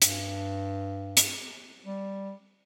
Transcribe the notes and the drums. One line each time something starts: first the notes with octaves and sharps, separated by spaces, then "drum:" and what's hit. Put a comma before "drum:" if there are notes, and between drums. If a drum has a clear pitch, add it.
G2, drum: hi-hat
drum: hi-hat
G3